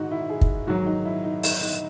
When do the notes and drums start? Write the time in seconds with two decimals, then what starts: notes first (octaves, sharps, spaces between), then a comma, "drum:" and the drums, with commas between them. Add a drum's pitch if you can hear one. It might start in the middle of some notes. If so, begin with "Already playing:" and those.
Already playing: G#2 D#3 D#4 F#4
0.11 E4
0.30 G#4
0.41 drum: kick
0.67 G#2 D#3 F#3 F#4
0.86 D#4
1.05 E4
1.24 D#4
1.43 D#4, drum: open hi-hat
1.61 D#4